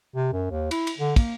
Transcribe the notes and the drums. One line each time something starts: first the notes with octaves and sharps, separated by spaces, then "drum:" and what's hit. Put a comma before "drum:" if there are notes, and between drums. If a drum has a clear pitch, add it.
C3
F#2
D#2
E4, drum: cymbal
drum: cymbal
D3
A#3, drum: kick, cymbal